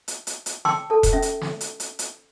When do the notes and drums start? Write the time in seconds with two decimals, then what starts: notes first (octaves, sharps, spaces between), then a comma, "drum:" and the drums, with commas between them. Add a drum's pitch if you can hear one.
0.08 drum: hi-hat
0.27 drum: hi-hat
0.46 drum: hi-hat
0.65 G5 A5 C6 D6 E6, drum: snare
0.90 A4 A5
1.03 drum: kick E1, hi-hat
1.13 C#4 E5
1.22 drum: hi-hat
1.41 drum: snare
1.61 drum: hi-hat
1.80 drum: hi-hat
1.99 drum: hi-hat